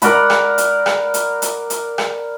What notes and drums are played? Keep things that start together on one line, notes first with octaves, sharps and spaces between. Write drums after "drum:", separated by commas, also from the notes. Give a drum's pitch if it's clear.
A#4 D5 F#5 B5, drum: hi-hat
drum: rim click
drum: hi-hat
drum: rim click
drum: hi-hat
drum: hi-hat
drum: hi-hat
drum: rim click